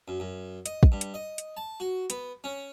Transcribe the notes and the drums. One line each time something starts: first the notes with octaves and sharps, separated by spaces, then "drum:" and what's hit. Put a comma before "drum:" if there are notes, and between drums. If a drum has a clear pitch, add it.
F#2
F#2
D#5, drum: hi-hat
drum: kick
G2
drum: hi-hat
D#5
drum: hi-hat
A5
F#4
B3, drum: hi-hat
C#4